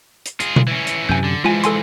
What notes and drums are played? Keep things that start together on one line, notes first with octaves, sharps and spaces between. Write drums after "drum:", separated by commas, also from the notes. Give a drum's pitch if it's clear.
drum: hi-hat
F4 G#4, drum: hi-hat
drum: tom B2
E3 C#4
drum: hi-hat
F#2 C3 G#5 G6
D3
E3 F3 G#3 F4 G#5
A4 G#5 C6, drum: hi-hat